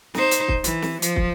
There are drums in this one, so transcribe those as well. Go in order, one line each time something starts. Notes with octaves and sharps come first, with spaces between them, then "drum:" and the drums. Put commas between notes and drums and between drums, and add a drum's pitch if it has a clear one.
D#4 C5, drum: snare
drum: hi-hat
drum: kick
E3, drum: hi-hat
drum: snare
F3, drum: hi-hat
drum: kick